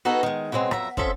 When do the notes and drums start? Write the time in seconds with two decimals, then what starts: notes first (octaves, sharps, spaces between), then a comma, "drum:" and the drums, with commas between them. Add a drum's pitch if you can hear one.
0.05 B3 D#4 F#4 G#4 A4 B4
0.23 D#3 G#3
0.52 B2 F#3 G#3 C4
0.71 F2 F#3 E5 A#5, drum: rim click
0.97 F3 C4 C#4 A4 E5, drum: kick